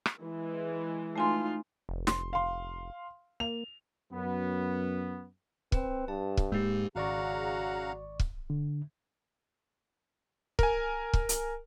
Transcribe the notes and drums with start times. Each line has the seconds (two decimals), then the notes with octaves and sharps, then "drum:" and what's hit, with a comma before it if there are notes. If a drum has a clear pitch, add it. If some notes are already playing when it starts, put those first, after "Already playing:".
0.06 drum: rim click
0.22 E3 G#3
1.16 A3 D#4 F4 G#5 C6
1.89 F1
2.07 C6, drum: snare
2.33 F5 C6
3.40 A#3 F7
4.13 F#2 B3
5.72 C4 B4, drum: kick
6.08 G2 A5
6.37 drum: kick
6.52 G#2 G#3 A#3 G4
6.96 G#1 C#3 F#4 D5 F5 F#5 A#5 C#6
8.19 drum: kick
8.50 D3
10.59 A#4 G#5, drum: kick
11.13 drum: kick
11.29 drum: hi-hat